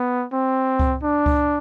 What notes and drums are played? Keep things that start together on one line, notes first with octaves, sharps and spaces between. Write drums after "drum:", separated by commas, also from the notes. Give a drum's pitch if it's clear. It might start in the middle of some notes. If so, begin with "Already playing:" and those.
Already playing: B3
C4
drum: kick C#2
D4
drum: kick C#2